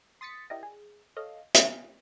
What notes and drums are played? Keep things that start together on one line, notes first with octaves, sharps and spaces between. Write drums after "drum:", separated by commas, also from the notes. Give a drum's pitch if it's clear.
C6 D#6 A6 B6 C#7
E4 G4 A#4 D5 D#5
G#4
A4 C#5 D#5 F5
B3 D#5 F5 G#5, drum: hi-hat